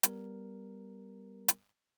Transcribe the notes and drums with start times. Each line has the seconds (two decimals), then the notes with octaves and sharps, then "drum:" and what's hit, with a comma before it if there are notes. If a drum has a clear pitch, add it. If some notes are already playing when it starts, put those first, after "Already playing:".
0.03 G3 B3 A#4, drum: hi-hat
1.48 drum: hi-hat